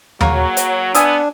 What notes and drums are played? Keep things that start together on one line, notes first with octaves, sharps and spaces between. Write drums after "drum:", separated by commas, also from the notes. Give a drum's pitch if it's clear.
F#3 A#3 G#4 C#5, drum: tom D#2
drum: hi-hat
B3 D4 G#5 D#6 E6, drum: hi-hat